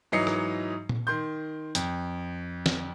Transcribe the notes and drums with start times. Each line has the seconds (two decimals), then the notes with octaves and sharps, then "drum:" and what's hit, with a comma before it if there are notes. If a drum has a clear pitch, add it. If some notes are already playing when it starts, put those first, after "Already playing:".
0.12 G#2 E3 F#3 D#5 C7 C#7
0.27 drum: rim click
0.89 drum: tom A#2
1.07 D#3 C6 G6
1.75 F2, drum: hi-hat
2.66 drum: snare